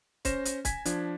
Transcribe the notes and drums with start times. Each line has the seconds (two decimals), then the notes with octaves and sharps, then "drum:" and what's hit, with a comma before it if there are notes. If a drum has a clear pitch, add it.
0.25 C#4 C5 A#6 E7, drum: kick C#1, hi-hat
0.45 drum: hi-hat
0.65 G#5 G#6 B6, drum: kick C#1, hi-hat
0.85 F3 D4, drum: hi-hat